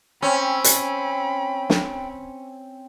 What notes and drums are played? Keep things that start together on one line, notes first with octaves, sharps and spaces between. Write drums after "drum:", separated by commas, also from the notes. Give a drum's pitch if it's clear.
C4 C#4 G5 B5
drum: hi-hat
drum: snare